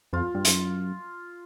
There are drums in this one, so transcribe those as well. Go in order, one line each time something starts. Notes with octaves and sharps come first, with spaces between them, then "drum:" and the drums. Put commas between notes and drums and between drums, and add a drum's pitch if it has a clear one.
F2 F4
G2
F#2, drum: hi-hat